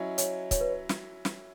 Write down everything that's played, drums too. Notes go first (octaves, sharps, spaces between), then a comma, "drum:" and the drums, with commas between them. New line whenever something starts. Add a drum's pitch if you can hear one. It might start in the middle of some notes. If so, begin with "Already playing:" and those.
Already playing: F#3 C#4 E4 D#5
C#5, drum: hi-hat
C#5, drum: kick, hi-hat
B4
drum: snare
drum: snare